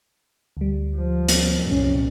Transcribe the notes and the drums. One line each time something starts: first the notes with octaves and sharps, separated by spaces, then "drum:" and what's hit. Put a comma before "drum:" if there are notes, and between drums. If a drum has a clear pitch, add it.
D2 G3
F3
drum: hi-hat
C2 F#2 A#2 C#4